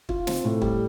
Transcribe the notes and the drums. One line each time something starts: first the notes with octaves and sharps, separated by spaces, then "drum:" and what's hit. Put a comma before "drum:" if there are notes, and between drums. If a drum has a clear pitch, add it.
F4, drum: kick
C4, drum: snare
A2
G3, drum: kick